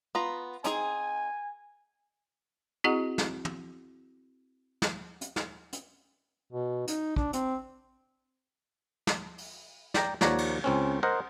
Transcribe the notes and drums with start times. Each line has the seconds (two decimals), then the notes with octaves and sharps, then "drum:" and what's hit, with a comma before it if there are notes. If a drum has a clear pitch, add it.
0.15 B3 F4 A#5
0.64 C4 D#4 G#4 G#5, drum: hi-hat
2.84 C4 E4 F#4 G#4 D#5 F#5
3.18 drum: snare
3.45 drum: tom
4.82 drum: snare
5.21 drum: hi-hat
5.36 drum: snare
5.73 drum: hi-hat
6.53 B2
6.88 D#4, drum: hi-hat
7.16 D4, drum: kick
7.33 C4, drum: hi-hat
9.07 drum: snare
9.38 drum: open hi-hat
9.94 D5 G5 A#5, drum: snare
10.21 D#2 F3 C#5 D5 F#5 A#5, drum: snare
10.38 drum: cymbal
10.64 C#2 C4 C#4
11.03 A#4 C5 D#5 F#5